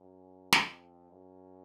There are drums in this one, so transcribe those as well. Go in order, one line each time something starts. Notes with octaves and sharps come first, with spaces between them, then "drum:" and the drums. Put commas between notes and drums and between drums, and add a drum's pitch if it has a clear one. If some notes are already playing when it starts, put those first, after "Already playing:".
Already playing: F#2
F2, drum: snare
F#2